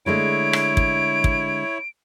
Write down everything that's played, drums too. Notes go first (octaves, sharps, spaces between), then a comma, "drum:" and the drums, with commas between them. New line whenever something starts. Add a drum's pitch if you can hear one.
D3 G#3 A3 E4 C#5 D7
drum: rim click
drum: kick
drum: kick